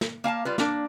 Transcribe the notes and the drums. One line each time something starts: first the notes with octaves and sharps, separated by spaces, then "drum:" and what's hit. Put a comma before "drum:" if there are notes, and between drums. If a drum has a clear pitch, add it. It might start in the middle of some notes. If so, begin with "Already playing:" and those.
drum: snare
A#3 F5 G#5 A5
G3 F4 B4
A#3 D4, drum: snare